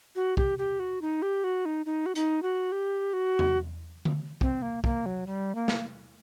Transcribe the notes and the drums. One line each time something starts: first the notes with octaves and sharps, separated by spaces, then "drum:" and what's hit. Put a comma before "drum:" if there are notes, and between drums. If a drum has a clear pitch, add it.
F#4
G4, drum: kick
G4
F#4
D#4
G4
F#4
D#4
D#4
F#4
D#4, drum: hi-hat
F#4
G4
F#4
drum: tom E2
drum: tom D3
C4, drum: kick
A#3
A#3, drum: kick
F#3
G3
A#3
drum: snare